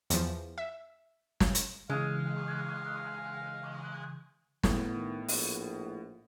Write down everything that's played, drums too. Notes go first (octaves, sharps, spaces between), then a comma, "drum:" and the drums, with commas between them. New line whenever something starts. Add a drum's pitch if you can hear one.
E2 F3, drum: hi-hat
E5
drum: snare
drum: hi-hat
C#3 E3 G#3 F5
F#1 A2 B3, drum: snare
D#3
A#1, drum: open hi-hat